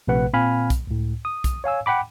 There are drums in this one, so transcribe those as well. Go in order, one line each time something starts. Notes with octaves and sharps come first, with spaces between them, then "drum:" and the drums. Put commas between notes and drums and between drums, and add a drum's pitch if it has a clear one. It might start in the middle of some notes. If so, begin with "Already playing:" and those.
A#1 C3 A3 B4 F#5
A#2 C4 F5 G#5 B5 F6
drum: kick B1, hi-hat
C#2 A2
D#6
drum: kick B1, hi-hat
C#5 F5 G#5 E6
F#5 G5 B5 D6